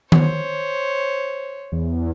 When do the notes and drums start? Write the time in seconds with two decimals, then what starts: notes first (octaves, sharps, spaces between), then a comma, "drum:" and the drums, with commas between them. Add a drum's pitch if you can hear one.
0.12 C5 C#5, drum: tom D#3
1.72 E2